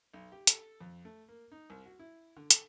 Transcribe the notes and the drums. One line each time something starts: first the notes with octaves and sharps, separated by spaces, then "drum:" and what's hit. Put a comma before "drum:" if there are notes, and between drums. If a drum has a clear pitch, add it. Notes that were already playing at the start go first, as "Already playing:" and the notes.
B1
G4
A4, drum: hi-hat
F2
A3
A#3
D#4
C2
F#4
E4
D3
A4, drum: hi-hat